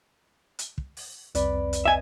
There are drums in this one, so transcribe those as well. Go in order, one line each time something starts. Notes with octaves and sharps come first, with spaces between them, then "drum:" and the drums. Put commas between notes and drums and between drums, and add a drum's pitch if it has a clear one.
drum: hi-hat
drum: kick
drum: open hi-hat
C2 F2 C4 B4 D5 B5, drum: hi-hat
drum: hi-hat
D#5 E5 G#5